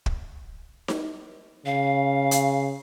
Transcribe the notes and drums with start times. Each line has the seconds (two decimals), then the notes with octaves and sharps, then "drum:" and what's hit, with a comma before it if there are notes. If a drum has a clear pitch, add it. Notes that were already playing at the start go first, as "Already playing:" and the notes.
0.06 drum: kick
0.88 drum: snare D#4
1.66 C#3 F5
2.31 drum: hi-hat